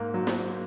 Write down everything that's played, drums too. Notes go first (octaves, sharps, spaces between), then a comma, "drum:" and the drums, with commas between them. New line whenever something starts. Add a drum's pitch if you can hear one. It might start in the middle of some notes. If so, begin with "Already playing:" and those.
Already playing: G#2 A#3
F#3
drum: snare